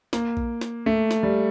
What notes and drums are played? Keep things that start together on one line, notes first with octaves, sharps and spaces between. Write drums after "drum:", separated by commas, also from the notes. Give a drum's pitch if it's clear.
A#3, drum: snare
drum: kick A#1
drum: snare
A3
drum: snare
G3